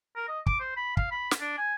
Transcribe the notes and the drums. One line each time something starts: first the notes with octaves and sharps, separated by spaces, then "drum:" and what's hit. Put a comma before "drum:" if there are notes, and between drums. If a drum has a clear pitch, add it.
A#4
D#5
D6, drum: kick
C5
B5
F5, drum: kick
B5
drum: snare
D4
G#5